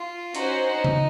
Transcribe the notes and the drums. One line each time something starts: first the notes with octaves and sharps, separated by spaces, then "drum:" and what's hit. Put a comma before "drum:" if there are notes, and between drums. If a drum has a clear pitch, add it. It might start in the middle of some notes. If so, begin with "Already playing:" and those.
Already playing: F4
C#4 D#4 F#4 C5 F#5, drum: hi-hat
drum: tom C#3